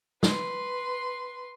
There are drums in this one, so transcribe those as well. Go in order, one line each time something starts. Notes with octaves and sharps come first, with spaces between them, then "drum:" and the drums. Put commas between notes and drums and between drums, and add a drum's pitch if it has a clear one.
B4 C6, drum: snare